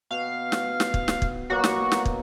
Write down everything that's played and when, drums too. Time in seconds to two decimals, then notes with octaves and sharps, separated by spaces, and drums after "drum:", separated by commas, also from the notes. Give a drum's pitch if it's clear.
0.11 B2 F5
0.52 drum: snare
0.80 drum: snare
0.94 drum: kick
1.08 drum: snare
1.22 drum: kick
1.50 B2 F#3 A#3 F#4
1.64 drum: snare
1.92 drum: snare
2.05 drum: kick